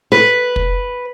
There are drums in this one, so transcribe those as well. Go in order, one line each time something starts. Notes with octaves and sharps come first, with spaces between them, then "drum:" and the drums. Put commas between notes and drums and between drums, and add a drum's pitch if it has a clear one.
B4
drum: kick